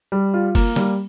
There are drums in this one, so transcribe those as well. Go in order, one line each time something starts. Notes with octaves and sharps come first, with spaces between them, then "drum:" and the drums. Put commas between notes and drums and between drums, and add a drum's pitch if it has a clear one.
G3
F4
A#3, drum: kick F#1, open hi-hat
G3, drum: snare